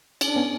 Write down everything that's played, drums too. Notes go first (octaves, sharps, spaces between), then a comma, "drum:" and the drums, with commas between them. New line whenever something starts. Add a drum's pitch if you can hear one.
C#4, drum: cymbal
D4
B3 C#4